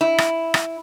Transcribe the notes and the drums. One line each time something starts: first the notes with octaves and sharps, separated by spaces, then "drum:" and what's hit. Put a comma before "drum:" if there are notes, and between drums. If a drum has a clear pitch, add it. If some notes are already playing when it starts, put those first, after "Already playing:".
E4
drum: rim click
drum: rim click